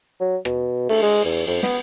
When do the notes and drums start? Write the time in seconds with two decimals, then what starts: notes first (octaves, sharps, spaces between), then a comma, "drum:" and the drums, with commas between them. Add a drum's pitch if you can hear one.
0.20 F#3
0.45 B2, drum: rim click
0.89 A3, drum: cymbal
1.02 G#3
1.25 E2
1.47 F2, drum: cymbal
1.63 B3, drum: snare